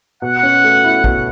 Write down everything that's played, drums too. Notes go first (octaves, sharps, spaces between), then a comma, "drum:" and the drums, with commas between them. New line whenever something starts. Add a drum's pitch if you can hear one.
B2 F#5
C#4
A3
E4
B2, drum: kick A1